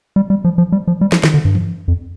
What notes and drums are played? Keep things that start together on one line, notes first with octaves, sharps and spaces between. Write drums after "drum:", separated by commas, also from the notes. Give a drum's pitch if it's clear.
G3
G3
F3
F3
G3
F3
G3
F3, drum: snare
D#3, drum: snare
D3
G2
drum: tom E3
F2